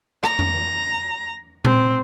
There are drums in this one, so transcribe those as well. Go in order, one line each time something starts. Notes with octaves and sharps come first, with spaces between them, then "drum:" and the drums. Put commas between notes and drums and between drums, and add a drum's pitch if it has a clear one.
A#5, drum: rim click
drum: tom F2
C4, drum: tom A#2